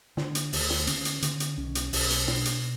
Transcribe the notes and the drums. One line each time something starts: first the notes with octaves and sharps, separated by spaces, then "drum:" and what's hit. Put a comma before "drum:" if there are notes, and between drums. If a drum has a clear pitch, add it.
D3 D4, drum: snare
drum: hi-hat
D2, drum: open hi-hat
drum: snare
D3 C#4, drum: hi-hat
drum: hi-hat
D3, drum: hi-hat
drum: hi-hat
B1 C#4
drum: hi-hat
B1, drum: open hi-hat
drum: hi-hat
B2 D4, drum: snare
drum: hi-hat